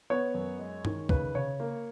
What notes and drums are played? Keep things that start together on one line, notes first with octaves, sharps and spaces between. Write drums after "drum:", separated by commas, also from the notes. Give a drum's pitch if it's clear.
B3 C#5
F#2
G#3
D#3, drum: tom G2
C#3 B4, drum: kick
C#3 C#5
A#3